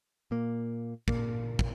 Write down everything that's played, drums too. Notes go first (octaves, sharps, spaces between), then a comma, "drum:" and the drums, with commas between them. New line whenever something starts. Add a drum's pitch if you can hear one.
A#2 A#3
A#2 A#3, drum: kick
drum: kick